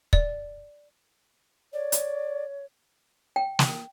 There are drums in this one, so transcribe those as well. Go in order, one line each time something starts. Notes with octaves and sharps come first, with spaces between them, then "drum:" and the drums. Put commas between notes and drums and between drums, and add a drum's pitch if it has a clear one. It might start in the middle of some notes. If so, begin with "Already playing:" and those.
D5, drum: kick
C#5 D5
drum: hi-hat
G5
drum: snare